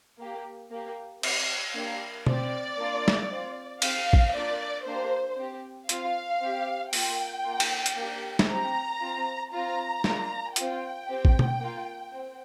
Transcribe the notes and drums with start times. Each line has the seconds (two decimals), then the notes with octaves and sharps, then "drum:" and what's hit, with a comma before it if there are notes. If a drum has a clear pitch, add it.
0.19 A#3 G4
0.71 A#3 G4
1.23 C4 G4, drum: cymbal
1.74 A#3 D4 G4
2.27 C4 G4 D5, drum: tom
2.78 A#3 D4 F4
3.08 drum: snare
3.30 C4 F4
3.82 C4 G4 F5, drum: cymbal
4.13 drum: kick
4.34 A#3 D4 F4 D5
4.86 A#3 D4 G4 C5
5.37 C4 G4
5.89 C4 F4 F5, drum: hi-hat
6.41 C4 G4
6.93 A#3 F4 G5, drum: open hi-hat
7.45 A#3 F4
7.60 drum: cymbal
7.86 drum: hi-hat
7.97 A#3 D4 G4
8.39 drum: snare
8.48 C4 G4 A#5
9.00 C4 F4
9.52 C4 F4 A#5
10.04 A#3 D4 F4, drum: snare
10.56 C4 F4 G5, drum: hi-hat
11.07 C4 G4
11.25 drum: kick
11.39 drum: tom
11.59 A#3 F4
12.11 C4